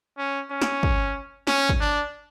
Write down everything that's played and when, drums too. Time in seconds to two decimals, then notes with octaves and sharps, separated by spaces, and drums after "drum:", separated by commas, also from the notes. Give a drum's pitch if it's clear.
0.18 C#4
0.51 C#4
0.62 drum: snare
0.83 drum: kick
1.47 C#4, drum: snare
1.69 drum: kick
1.80 D4